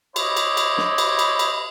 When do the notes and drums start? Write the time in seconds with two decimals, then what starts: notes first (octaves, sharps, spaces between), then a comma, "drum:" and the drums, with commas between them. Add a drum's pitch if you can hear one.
0.16 E4 C5 C#5 D#5 B5 D6, drum: cymbal
0.37 drum: cymbal
0.57 drum: cymbal
0.78 drum: snare
0.98 drum: cymbal
1.19 drum: cymbal
1.39 drum: cymbal